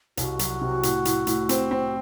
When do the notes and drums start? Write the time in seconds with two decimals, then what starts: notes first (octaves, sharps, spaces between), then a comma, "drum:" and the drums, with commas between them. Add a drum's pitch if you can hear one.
0.17 C2 F#4, drum: hi-hat
0.39 F#3, drum: hi-hat
0.61 C3
0.83 A2, drum: hi-hat
1.05 A2, drum: hi-hat
1.27 A2, drum: hi-hat
1.49 C4, drum: hi-hat
1.71 C4